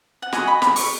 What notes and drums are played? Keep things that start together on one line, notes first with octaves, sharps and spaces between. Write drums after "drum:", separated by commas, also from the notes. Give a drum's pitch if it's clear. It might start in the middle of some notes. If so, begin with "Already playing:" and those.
F#5
F#4 D#5 G#5, drum: snare
B5
B5, drum: snare
C#6, drum: open hi-hat